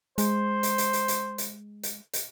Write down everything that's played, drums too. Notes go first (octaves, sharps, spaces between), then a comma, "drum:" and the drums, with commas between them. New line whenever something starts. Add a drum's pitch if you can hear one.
G#3 C5, drum: hi-hat
drum: hi-hat
drum: hi-hat
drum: hi-hat
drum: hi-hat
drum: hi-hat
drum: hi-hat
drum: hi-hat